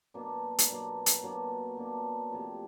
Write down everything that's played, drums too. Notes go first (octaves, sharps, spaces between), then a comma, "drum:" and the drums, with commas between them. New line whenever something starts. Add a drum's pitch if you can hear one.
B2 F#3 A#3 D4
drum: hi-hat
B2 F#3 A#3 D4
drum: hi-hat
B2 F#3 A#3 D4
B2 F#3 A#3 D4
C3 F3 A3